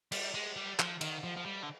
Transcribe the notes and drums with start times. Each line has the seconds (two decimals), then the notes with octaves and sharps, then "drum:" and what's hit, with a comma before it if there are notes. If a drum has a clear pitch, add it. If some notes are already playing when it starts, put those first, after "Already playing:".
0.12 G3, drum: cymbal
0.34 G#3
0.56 G3
0.79 F3, drum: clap
1.01 D#3, drum: cymbal
1.24 F3
1.37 F3
1.46 G3
1.63 D3